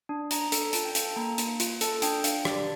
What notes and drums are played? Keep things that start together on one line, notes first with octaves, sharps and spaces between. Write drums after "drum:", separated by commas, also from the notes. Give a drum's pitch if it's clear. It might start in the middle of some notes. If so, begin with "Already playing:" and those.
D4
D4 A#5, drum: hi-hat
A4, drum: hi-hat
F4 A5, drum: hi-hat
G5
A4 F5, drum: hi-hat
A5
A#3 A#5
A#3, drum: hi-hat
F4, drum: hi-hat
A4 A5, drum: hi-hat
D4 G5, drum: hi-hat
D4 F5, drum: hi-hat
G4 D5, drum: rim click